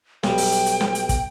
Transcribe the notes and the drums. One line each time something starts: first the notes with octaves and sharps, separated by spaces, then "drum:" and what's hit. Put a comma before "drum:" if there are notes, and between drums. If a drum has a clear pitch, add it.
B1 G3 G5, drum: snare
drum: open hi-hat
drum: hi-hat
drum: hi-hat
drum: snare
drum: hi-hat
drum: kick, hi-hat